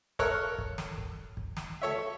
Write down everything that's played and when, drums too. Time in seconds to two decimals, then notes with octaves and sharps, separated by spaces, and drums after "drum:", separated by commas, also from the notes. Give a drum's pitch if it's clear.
0.19 A4 A#4 C#5 F6 F#6, drum: kick
0.58 drum: kick
0.78 drum: snare
0.98 drum: kick
1.37 drum: kick
1.57 drum: snare
1.82 A4 C#5 E5